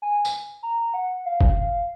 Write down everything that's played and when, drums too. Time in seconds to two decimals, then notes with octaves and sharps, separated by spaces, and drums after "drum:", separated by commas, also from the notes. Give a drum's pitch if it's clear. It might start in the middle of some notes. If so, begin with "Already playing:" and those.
0.02 G#5
0.25 drum: tambourine
0.63 A#5
0.94 F#5
1.26 F5
1.41 drum: kick F#1
1.56 F5